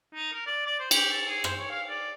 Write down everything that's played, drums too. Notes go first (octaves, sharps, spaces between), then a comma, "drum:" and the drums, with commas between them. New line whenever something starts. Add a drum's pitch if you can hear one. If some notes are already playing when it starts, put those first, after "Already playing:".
D#4
A#4
D5
D5
C5
G4, drum: cymbal
A5
G#4
C5, drum: rim click
C#5
F5
D5